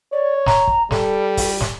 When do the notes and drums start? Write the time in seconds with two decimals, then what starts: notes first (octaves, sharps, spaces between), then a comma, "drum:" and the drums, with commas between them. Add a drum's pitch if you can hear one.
0.13 C#5 D5
0.46 A#5, drum: snare
0.67 drum: kick
0.91 G3 A4, drum: snare
1.37 drum: kick, open hi-hat
1.61 drum: snare